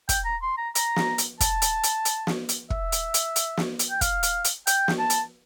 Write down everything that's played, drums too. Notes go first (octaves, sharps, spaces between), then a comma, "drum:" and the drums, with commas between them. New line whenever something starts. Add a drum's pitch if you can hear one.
G5, drum: kick, hi-hat
A#5
C6
A#5
A#5, drum: hi-hat
drum: snare
drum: hi-hat
A5, drum: kick, hi-hat
drum: hi-hat
drum: hi-hat
drum: hi-hat
drum: snare
drum: hi-hat
E5, drum: kick
drum: hi-hat
drum: hi-hat
drum: hi-hat
drum: snare
drum: hi-hat
G5
F5, drum: kick, hi-hat
drum: hi-hat
drum: hi-hat
G5, drum: hi-hat
drum: snare
A5
drum: hi-hat